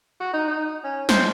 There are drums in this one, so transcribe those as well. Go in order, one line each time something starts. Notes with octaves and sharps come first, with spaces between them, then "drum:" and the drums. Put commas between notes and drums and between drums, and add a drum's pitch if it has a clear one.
F#4
D#4
D#4
C#4
C5, drum: snare